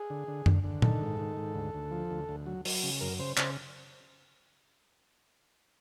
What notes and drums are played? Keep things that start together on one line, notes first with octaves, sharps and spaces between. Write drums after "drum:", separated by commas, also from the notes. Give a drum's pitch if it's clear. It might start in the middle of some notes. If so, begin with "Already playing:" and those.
Already playing: G#4
D3
D3
D3, drum: tom F#2
D3
D#3 A4, drum: tom A#2
G#2
D#3
G#2
D2
D2
F3
D2
D2
F#3
F#3, drum: open hi-hat
C#3
F#2 A#4
C#3 C5
C#3 C5, drum: clap